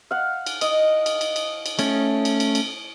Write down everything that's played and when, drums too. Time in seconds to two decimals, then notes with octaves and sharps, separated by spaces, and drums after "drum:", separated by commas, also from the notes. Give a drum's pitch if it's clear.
0.11 F5 F#5
0.46 drum: cymbal
0.61 D#5, drum: cymbal
1.06 drum: cymbal
1.21 drum: cymbal
1.36 drum: cymbal
1.66 drum: cymbal
1.79 A3 C#4, drum: cymbal
2.25 drum: cymbal
2.40 drum: cymbal
2.55 drum: cymbal